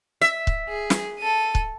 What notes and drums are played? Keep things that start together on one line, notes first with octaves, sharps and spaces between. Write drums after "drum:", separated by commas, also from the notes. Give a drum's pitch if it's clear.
E5
drum: kick C#1
G#4
drum: snare
A4 D#7
drum: kick C#1